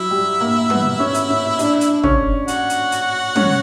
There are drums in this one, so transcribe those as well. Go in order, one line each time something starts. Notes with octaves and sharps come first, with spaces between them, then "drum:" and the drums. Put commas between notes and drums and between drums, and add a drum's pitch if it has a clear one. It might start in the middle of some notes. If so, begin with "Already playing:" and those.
Already playing: F#3 E4 E5
G3
A#3
B3, drum: tom
C#4
drum: hi-hat
C#4
D4, drum: hi-hat
drum: hi-hat
C#4, drum: tom
F#4 F#5, drum: hi-hat
drum: hi-hat
drum: hi-hat
C#4, drum: tom